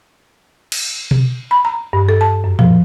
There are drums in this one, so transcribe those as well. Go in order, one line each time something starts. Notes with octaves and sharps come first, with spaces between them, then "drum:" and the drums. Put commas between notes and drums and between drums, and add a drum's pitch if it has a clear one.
drum: cymbal
drum: tom B2
B5
A#5
G2
A4
A5
F#2
F3, drum: tom A2